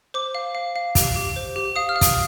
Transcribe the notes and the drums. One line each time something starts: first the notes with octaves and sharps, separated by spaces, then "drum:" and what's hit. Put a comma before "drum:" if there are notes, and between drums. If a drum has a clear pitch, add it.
C5 D6
F5
F5
F5
G4, drum: kick, hi-hat
G4
C5
G4
F5 D#6
F6
F5
D#6, drum: kick, hi-hat